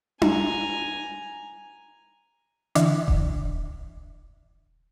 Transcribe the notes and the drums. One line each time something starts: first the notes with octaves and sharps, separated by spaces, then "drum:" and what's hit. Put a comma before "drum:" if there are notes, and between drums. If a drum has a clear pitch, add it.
G#5 A#5, drum: tom D4
D3 E3 D4, drum: hi-hat
drum: kick D#1